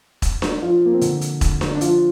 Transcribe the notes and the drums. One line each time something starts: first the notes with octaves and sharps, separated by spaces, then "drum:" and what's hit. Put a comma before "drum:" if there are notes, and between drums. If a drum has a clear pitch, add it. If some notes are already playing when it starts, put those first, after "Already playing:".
drum: kick E1, hi-hat
drum: snare D4
F3 F4
A#3
C4
D3 D4, drum: hi-hat
drum: hi-hat
drum: kick E1, hi-hat
drum: snare D4
D4
F3 F4, drum: hi-hat